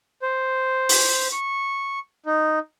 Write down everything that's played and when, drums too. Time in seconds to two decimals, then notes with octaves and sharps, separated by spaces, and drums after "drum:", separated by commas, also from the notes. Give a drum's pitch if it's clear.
0.22 C5
0.89 drum: open hi-hat
1.32 C#6
2.26 D#4